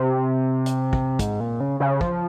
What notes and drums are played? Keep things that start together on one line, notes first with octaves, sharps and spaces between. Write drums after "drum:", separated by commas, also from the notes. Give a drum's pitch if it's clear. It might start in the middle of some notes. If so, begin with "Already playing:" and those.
Already playing: C3
drum: hi-hat
drum: kick
G#2, drum: kick, hi-hat
A#2
C#3
C#3
F3, drum: kick